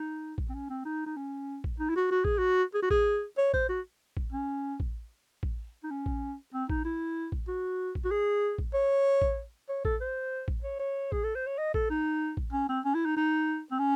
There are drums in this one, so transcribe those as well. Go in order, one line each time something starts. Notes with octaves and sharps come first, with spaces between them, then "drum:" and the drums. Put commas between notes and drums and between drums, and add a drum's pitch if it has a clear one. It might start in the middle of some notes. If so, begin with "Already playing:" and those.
Already playing: D#4
drum: kick A1
C4
C#4
C4
D#4
D#4
C#4
drum: kick A1
D#4
E4
F#4
F#4
G#4, drum: kick A1
F#4
G#4
F#4
G#4, drum: kick A1
C#5
C5, drum: kick A1
F#4
drum: kick A1
C#4
drum: kick A1
drum: kick A1
D#4
C#4
drum: kick A1
C4
D#4, drum: kick A1
E4
drum: kick A1
F#4
drum: kick A1
F#4
G#4
drum: kick A1
C#5
drum: kick A1
C#5
A4, drum: kick A1
C5
drum: kick A1
C#5
C#5
G#4, drum: kick A1
A4
C5
C#5
D#5
A4, drum: kick A1
D#4
drum: kick A1
C#4
C4
C#4
E4
D#4
D#4
C4
C#4